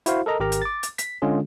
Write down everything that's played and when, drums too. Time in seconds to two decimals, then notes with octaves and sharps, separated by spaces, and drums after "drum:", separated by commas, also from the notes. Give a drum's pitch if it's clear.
0.06 E4 F#4 C5 F5, drum: hi-hat
0.26 A4 A#4 D#5 A#5
0.40 G#1 G4 A#4 A#5
0.52 drum: hi-hat
0.62 D6 A6
0.83 drum: hi-hat
0.98 B6, drum: hi-hat
1.22 D3 G#3 C#4 F4 G#4